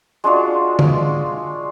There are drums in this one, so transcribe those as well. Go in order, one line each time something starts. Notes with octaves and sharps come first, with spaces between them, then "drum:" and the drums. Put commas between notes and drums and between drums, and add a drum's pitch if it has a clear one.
G#3 D4 F4 F#4
drum: tom D3